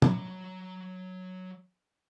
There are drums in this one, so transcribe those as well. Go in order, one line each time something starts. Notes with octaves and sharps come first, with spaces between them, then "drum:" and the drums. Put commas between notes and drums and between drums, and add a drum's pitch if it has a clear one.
F#3 A#5, drum: tom